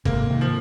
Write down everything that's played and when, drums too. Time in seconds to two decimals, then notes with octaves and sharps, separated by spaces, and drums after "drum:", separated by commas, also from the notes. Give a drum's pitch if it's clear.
0.05 G#2 C3 A#3, drum: kick G1
0.29 C3 D#3
0.41 F3